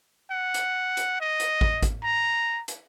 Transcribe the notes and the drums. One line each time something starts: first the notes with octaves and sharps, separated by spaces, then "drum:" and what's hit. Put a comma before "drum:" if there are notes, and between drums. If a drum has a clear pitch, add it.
F#5
drum: hi-hat
drum: hi-hat
D#5
drum: hi-hat
drum: kick
drum: kick, hi-hat
A#5
drum: hi-hat